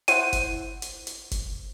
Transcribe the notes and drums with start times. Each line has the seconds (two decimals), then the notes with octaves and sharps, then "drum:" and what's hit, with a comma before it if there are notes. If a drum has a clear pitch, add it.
0.08 E4 C5 F#5 D#7, drum: hi-hat
0.33 drum: kick F#1, hi-hat
0.82 drum: hi-hat
1.07 drum: hi-hat
1.31 drum: kick F#1, hi-hat